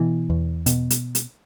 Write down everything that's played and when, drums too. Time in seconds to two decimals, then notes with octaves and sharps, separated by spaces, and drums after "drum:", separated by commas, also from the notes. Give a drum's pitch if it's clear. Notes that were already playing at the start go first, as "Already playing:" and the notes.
Already playing: B2 E3
0.30 E2
0.66 B2, drum: hi-hat
0.90 drum: hi-hat
1.15 drum: hi-hat